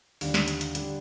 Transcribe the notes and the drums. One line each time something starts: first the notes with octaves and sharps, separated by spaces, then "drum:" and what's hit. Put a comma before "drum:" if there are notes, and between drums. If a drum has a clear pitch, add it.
D#2 D3 G3 D4, drum: open hi-hat
drum: snare
drum: hi-hat
drum: hi-hat
D3 G3 D4, drum: hi-hat